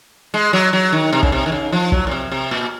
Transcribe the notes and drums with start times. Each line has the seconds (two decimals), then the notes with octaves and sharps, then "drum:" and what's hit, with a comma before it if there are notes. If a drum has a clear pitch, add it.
0.34 G#3
0.53 F#3
0.73 F#3
0.92 D#3
1.13 C3
1.23 C#3, drum: kick
1.32 C3
1.46 D#3
1.52 C#3
1.72 F3
1.92 F#3, drum: kick
2.07 A#2
2.11 C3
2.32 C3
2.51 A#2